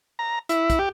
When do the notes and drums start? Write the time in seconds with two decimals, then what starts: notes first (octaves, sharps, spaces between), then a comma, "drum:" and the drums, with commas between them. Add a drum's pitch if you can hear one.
0.19 A#5
0.49 E4, drum: hi-hat
0.70 drum: kick, hi-hat
0.79 G4